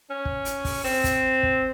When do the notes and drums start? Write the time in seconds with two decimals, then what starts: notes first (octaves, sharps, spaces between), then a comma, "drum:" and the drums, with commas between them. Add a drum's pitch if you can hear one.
0.10 C#4
0.25 drum: kick
0.45 drum: hi-hat
0.65 drum: kick, open hi-hat
0.84 C4, drum: open hi-hat
1.04 drum: kick, hi-hat
1.43 drum: kick